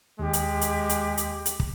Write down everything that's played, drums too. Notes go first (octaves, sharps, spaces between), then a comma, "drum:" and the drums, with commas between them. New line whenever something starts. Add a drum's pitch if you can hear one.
D#2 G#3 G4
drum: hi-hat
drum: hi-hat
drum: hi-hat
drum: hi-hat
drum: hi-hat
drum: kick